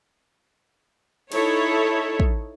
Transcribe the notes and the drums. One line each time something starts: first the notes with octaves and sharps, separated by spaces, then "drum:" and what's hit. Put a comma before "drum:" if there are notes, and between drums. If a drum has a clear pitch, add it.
D#4 E4 A4 C#5, drum: cymbal
drum: kick